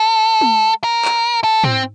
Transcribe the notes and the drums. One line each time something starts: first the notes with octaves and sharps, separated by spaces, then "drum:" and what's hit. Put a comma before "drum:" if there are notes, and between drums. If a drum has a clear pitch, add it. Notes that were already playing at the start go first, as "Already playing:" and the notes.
Already playing: A4
drum: tom
A#4
drum: clap
A4
C4, drum: tom